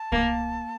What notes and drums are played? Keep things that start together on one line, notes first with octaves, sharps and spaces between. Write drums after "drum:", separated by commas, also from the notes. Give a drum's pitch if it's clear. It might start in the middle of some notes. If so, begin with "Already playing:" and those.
Already playing: A5
A#3, drum: kick C2